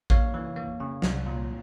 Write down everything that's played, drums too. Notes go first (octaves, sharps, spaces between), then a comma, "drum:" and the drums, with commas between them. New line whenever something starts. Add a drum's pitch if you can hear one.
A#3 C#5 F5, drum: kick
E3
A#3
C#3
C2, drum: snare
A#2